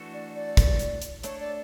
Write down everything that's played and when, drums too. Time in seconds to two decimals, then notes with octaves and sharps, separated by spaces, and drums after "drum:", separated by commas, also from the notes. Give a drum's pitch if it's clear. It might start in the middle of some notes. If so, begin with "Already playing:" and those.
Already playing: E3 A3 D4 F#4 A4
0.13 D5
0.35 D5
0.57 drum: kick, hi-hat
0.79 drum: hi-hat
1.02 drum: hi-hat
1.23 A3 D4 A4 C#5, drum: hi-hat
1.40 D5